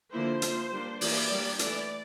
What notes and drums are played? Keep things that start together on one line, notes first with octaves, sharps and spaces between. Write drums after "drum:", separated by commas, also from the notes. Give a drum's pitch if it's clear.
D3 F3 A#3 E4 C5
F3 A#3 E4, drum: hi-hat
G3 A#3 D4
E3 A#3 E4 D5, drum: open hi-hat
G3 A#3 D4
E3 A3 E4 D5, drum: hi-hat